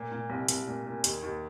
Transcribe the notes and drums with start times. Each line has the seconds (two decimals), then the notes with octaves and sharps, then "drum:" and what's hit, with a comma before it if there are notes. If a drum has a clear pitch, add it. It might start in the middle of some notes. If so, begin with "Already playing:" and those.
Already playing: A#2
0.12 A#2
0.30 C2
0.48 C2, drum: hi-hat
0.68 A#2
0.86 A#2
1.04 D#2, drum: hi-hat
1.23 D#2